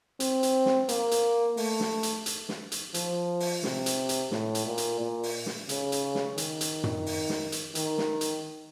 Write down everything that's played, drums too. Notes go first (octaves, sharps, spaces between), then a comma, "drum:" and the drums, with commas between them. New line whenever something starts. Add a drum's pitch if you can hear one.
C4, drum: hi-hat
drum: hi-hat
drum: snare
A#3, drum: hi-hat
drum: hi-hat
A3, drum: open hi-hat
drum: snare
drum: hi-hat
drum: hi-hat
drum: snare
drum: hi-hat
F3, drum: hi-hat
drum: open hi-hat
C3, drum: snare
drum: hi-hat
drum: hi-hat
A2, drum: snare
drum: hi-hat
A#2
drum: hi-hat
A#2
drum: open hi-hat
drum: snare
C#3, drum: hi-hat
drum: hi-hat
drum: snare
D#3, drum: hi-hat
drum: hi-hat
drum: tom
drum: open hi-hat
drum: snare
drum: hi-hat
D#3, drum: hi-hat
drum: snare
drum: hi-hat